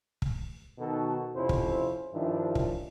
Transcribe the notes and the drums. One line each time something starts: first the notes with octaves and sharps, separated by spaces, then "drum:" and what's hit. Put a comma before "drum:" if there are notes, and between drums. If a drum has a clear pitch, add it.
drum: kick
B2 D#3 D#4 F#4 A4
F2 C3 F3 C#4 E4 C5
drum: kick
G2 D#3 F3 C#4 D4 E4
drum: kick